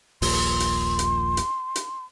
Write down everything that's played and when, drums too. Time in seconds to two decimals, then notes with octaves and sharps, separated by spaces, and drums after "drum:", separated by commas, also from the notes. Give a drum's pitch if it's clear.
0.22 D#1 A#1 A#2 C6, drum: open hi-hat
0.60 drum: hi-hat
0.99 drum: hi-hat
1.37 drum: hi-hat
1.76 drum: hi-hat